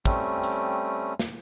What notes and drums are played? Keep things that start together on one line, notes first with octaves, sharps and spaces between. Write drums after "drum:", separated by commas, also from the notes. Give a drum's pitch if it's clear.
G3 A3 C4 C#4, drum: kick
drum: hi-hat
drum: snare